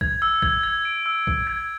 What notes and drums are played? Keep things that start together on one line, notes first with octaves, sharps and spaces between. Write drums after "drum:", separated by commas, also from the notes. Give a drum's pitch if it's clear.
G#6, drum: kick
E6
G#6, drum: kick
G#6
D7
E6
E6, drum: kick
G#6